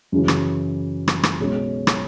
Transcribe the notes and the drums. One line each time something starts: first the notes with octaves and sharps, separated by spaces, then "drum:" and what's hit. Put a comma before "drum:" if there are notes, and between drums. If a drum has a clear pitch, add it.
F#2 C#3 E3
drum: rim click
drum: rim click
drum: rim click
B1 B2 G#3 C#4
drum: rim click